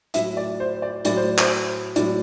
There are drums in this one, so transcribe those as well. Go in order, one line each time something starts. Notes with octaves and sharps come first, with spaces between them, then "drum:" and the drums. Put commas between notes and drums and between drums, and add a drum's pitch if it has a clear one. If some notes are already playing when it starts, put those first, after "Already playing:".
A2 F#3 E5, drum: hi-hat
D5
C5
D5
A2 F#3 D5, drum: hi-hat
C5
C5, drum: clap
A2 F#3 D5, drum: hi-hat